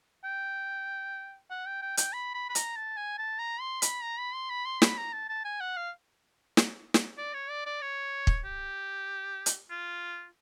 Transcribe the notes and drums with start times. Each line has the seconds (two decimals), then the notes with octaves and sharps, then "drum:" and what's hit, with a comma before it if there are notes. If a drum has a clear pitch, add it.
0.24 G5
1.50 F#5
1.66 G5
1.82 G5
1.97 G5, drum: hi-hat
2.13 B5
2.34 B5
2.49 B5
2.55 A#5, drum: hi-hat
2.76 A5
2.97 G#5
3.18 A5
3.39 A#5
3.61 C6
3.82 B5, drum: hi-hat
4.03 A#5
4.19 B5
4.34 C6
4.50 B5
4.65 C6
4.82 B5, drum: snare
4.97 A#5
5.13 A5
5.29 A5
5.44 G#5
5.60 F#5
5.76 F5
6.57 drum: snare
6.94 drum: snare
7.18 D5
7.34 C#5
7.49 D5
7.66 D5
7.81 C#5
8.27 drum: kick
8.44 G4
9.46 drum: hi-hat
9.70 F4